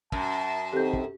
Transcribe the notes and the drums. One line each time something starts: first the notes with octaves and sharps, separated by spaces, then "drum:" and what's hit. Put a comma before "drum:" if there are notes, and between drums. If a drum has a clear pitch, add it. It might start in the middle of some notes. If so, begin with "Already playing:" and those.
F#2 A5, drum: kick
D#3 C4 G4 A4 G6
drum: kick